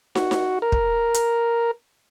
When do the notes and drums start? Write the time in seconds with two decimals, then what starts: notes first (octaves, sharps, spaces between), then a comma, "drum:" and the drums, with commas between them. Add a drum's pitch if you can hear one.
0.15 F#4, drum: snare
0.31 drum: snare
0.62 A#4
0.72 drum: kick
1.14 drum: hi-hat